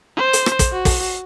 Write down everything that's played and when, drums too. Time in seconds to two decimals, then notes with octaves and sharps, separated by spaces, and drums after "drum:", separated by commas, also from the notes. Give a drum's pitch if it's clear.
0.17 C5
0.33 drum: hi-hat
0.46 drum: rim click
0.59 drum: kick, hi-hat
0.72 F#4
0.85 drum: kick, open hi-hat